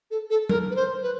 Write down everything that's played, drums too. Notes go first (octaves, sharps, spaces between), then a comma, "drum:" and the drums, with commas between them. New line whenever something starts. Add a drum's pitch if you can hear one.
A4
A4
A#4, drum: tom F#3
B4
C5
B4